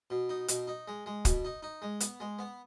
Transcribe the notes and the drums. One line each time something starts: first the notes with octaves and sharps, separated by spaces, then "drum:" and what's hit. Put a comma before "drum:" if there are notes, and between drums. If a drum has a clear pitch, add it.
B2
D#4
B2, drum: hi-hat
D#4
G#3
G#3
B2, drum: kick, hi-hat
D#4
D#4
G#3
B3, drum: hi-hat
G#3
B3